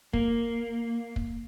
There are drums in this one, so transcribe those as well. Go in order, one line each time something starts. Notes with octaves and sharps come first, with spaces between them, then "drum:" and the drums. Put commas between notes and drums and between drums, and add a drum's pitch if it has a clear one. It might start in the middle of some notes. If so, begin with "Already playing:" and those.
A#3, drum: kick
drum: kick